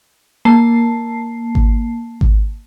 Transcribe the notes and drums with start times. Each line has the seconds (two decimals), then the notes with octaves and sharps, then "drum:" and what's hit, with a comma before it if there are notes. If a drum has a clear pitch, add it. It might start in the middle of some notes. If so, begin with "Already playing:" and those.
0.45 A#3 A5 C7
1.55 drum: kick G#1
2.21 drum: kick G#1